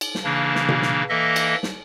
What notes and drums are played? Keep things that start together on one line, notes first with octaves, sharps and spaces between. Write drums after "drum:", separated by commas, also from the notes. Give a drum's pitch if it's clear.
drum: cymbal
drum: snare
C#3 E3 A#3 D4
drum: snare
drum: tom B2
drum: snare
E3 A#3 A4 D#5 E5
drum: cymbal
drum: snare